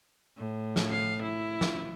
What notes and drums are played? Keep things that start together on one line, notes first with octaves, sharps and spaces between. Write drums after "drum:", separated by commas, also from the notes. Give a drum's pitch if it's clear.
A2
drum: snare
F5
E4
drum: snare